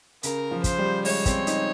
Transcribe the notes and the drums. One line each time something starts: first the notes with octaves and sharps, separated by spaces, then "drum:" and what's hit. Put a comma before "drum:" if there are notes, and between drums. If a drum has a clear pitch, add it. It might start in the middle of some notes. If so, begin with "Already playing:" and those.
C#3 A#4, drum: hi-hat
F3
C5, drum: kick, hi-hat
G3
G#3 C#5, drum: open hi-hat
C4, drum: kick, hi-hat
D#4, drum: hi-hat